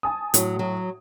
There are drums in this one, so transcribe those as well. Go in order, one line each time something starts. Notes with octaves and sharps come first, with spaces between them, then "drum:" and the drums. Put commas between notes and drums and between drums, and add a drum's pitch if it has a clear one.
G#5 A5 D#6
A2 F#3, drum: hi-hat
F#3